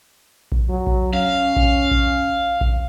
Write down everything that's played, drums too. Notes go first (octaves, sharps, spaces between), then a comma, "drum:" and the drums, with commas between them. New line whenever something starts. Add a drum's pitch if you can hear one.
drum: kick A#1
F#3
drum: kick A#1
C#4 F5
drum: kick A#1
drum: kick A#1
drum: kick A#1